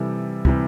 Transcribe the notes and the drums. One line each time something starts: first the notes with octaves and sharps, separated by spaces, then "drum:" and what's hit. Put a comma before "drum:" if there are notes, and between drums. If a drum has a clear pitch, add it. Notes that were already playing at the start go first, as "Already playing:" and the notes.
Already playing: C3 E3 G3 A4
C3 E3 G3, drum: kick